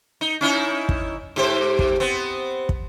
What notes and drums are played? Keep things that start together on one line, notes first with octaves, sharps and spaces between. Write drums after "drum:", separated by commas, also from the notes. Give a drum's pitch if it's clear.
D#4
C#4 D#4 E4
drum: kick
G#2 G4 C5
drum: kick
B3 C4
drum: kick